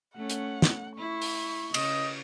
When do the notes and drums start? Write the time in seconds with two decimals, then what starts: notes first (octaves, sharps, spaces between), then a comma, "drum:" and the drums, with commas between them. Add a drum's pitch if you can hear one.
0.15 A3 C#4 F#5
0.30 drum: hi-hat
0.62 drum: snare
0.98 E4 C#6
1.22 drum: open hi-hat
1.74 C#3 D#5, drum: cymbal